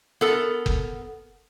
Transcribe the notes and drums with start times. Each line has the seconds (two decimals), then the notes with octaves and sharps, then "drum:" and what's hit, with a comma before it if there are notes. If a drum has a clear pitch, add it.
0.21 B3 A4 A#4
0.66 drum: kick F#1